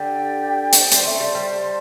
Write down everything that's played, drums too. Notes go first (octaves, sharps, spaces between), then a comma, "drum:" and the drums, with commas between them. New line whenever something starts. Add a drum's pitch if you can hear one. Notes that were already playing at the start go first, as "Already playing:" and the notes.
Already playing: D3 G4 D5 G5
drum: hi-hat
G3 C5 A5 C6, drum: hi-hat
A3
G3
G3